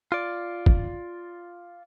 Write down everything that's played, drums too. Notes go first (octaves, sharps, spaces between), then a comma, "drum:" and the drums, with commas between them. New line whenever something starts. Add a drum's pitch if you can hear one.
F4 D5
drum: kick